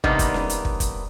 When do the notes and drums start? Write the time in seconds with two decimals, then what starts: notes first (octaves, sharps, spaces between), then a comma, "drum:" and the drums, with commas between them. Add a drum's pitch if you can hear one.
0.04 C3 G3 A#3 B3 D4 D#4, drum: kick
0.19 drum: kick, hi-hat
0.34 drum: snare C#4
0.50 drum: hi-hat
0.65 drum: kick
0.80 drum: kick, hi-hat